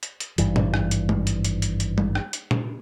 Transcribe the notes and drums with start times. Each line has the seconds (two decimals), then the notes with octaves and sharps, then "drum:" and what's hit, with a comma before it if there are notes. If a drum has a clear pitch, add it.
0.03 drum: hi-hat
0.20 drum: hi-hat
0.38 G#1 G2 E3, drum: hi-hat
0.56 drum: tom A#2
0.74 drum: rim click
0.91 drum: hi-hat
1.09 drum: tom G3
1.27 drum: hi-hat
1.45 drum: hi-hat
1.62 drum: hi-hat
1.80 drum: hi-hat
1.98 drum: tom G3
2.15 drum: rim click
2.33 drum: hi-hat
2.51 drum: tom A#2